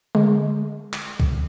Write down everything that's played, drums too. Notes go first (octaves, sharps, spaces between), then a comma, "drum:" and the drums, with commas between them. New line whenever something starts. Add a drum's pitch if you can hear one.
G#3, drum: tom D3
drum: clap
drum: kick C2